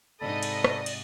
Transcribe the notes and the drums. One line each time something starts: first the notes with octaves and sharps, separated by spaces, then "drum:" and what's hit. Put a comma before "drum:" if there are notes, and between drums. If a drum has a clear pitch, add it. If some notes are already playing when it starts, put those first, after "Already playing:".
G#2 C3 D#4 A4 D5 D#5 B5
drum: cymbal
drum: rim click
drum: cymbal